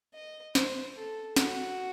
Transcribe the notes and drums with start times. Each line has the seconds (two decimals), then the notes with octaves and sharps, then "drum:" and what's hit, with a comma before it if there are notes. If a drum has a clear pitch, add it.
0.14 D#5
0.55 C5, drum: snare
0.96 A4
1.36 F#4, drum: snare